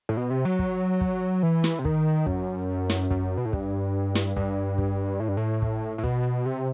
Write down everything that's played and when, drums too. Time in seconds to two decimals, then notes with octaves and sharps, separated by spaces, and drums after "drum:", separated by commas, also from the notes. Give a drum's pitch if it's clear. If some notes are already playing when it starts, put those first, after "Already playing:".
0.09 A2
0.17 B2
0.30 C3
0.45 F#3
0.59 drum: kick
1.01 drum: kick
1.43 E3
1.64 drum: snare
1.79 C3
1.85 D#3, drum: kick
2.27 F#2, drum: kick
2.90 drum: snare
3.11 F#2, drum: kick
3.38 B2
3.45 A2
3.53 G2, drum: kick
4.15 drum: snare
4.36 G2, drum: kick
4.78 drum: kick
5.20 A2
5.29 G2
5.37 A2
5.62 drum: kick
5.98 A2
6.04 B2, drum: kick
6.46 C3